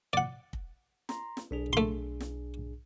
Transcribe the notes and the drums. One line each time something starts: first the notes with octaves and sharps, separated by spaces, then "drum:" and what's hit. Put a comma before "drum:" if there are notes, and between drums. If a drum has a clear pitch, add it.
D5 F#5
drum: kick
A#5 C6, drum: snare
drum: snare
B1 D4 G#4
A3 C6
drum: snare